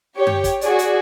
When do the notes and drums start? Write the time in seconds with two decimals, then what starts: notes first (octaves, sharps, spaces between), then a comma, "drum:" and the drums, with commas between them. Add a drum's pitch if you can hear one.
0.16 G4 C#5
0.27 drum: tom F#2
0.44 drum: kick, hi-hat
0.61 F#4 G#4 D5, drum: hi-hat
0.79 drum: hi-hat